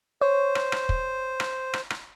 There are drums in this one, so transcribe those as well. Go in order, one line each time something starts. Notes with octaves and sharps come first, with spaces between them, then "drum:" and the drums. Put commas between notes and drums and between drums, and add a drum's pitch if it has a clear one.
C5 C#5
drum: rim click
drum: rim click
drum: kick
drum: rim click
drum: rim click
drum: rim click